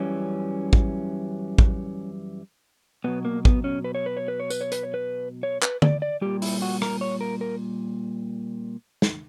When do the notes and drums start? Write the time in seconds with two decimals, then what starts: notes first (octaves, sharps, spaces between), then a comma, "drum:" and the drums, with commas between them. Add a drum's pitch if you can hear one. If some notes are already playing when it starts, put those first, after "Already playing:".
Already playing: F#2 E3 G3 C#4
0.73 drum: kick
1.58 drum: kick
3.04 B2 F#3 B3
3.25 A#3
3.45 B3, drum: kick
3.64 C#4
3.84 B4
3.95 C#5
4.06 B4
4.17 C#5
4.28 B4
4.40 C#5
4.50 B4, drum: tambourine
4.61 C#5
4.72 B4, drum: hi-hat
4.83 C#5
4.94 B4
5.43 C#5
5.62 B4, drum: clap
5.82 D5, drum: tom D3
6.02 D5
6.21 A#2 G3 G4
6.42 E4, drum: open hi-hat
6.62 F#4
6.82 A#4, drum: rim click
7.01 C#5
7.21 A#4
7.41 A#4
9.02 drum: snare